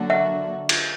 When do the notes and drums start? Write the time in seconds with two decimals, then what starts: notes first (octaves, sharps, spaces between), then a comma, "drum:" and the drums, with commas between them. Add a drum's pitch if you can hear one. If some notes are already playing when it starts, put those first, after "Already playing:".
Already playing: D3 F#3 A#3 D4 F#4
0.10 E5 F#5
0.69 drum: cymbal